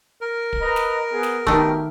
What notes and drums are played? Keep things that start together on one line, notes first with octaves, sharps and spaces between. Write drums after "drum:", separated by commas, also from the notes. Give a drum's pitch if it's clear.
A#4
drum: kick
B4 D#5 A#5
drum: snare
B3 G#4
drum: snare
D#3 A3 B3 F#4 G4, drum: kick